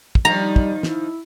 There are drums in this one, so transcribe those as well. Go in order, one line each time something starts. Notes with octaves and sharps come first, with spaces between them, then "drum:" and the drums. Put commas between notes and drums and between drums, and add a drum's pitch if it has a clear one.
drum: kick
D#3 F3 G3 D#4 A#5
drum: kick
E4, drum: snare